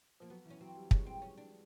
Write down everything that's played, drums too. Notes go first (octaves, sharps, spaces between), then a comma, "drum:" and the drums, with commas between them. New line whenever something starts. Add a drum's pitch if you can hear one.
F3 A#3
F#3 B3
E3
C#4
F#3 C4
G3
G#3 C#4, drum: kick
C4
C#4
D4